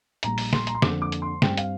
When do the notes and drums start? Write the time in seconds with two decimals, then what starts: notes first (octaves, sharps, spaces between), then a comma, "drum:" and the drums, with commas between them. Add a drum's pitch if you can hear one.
0.23 A#1 A#2 G3 A#5, drum: hi-hat
0.38 drum: open hi-hat
0.53 C6, drum: snare
0.67 A#5, drum: hi-hat
0.75 C6
0.82 F2 D3 A#3 D6, drum: snare
1.02 D6
1.12 drum: hi-hat
1.22 C6
1.42 G2 G3 C4 G5, drum: snare
1.57 F5, drum: hi-hat